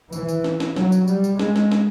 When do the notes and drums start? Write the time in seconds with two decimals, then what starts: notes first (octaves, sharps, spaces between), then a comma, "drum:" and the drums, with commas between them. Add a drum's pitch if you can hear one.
0.12 E3, drum: tambourine
0.29 drum: tambourine
0.44 drum: snare
0.60 drum: snare
0.76 F#3, drum: snare
0.92 drum: tambourine
1.08 G3, drum: tambourine
1.24 drum: tambourine
1.39 G#3, drum: snare
1.56 drum: snare
1.72 drum: snare